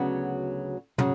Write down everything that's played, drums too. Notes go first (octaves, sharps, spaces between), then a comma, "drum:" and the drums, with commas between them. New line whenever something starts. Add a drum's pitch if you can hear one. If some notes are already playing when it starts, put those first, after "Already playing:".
Already playing: D2 C#3 F#3 B3
C#3 F#3, drum: tom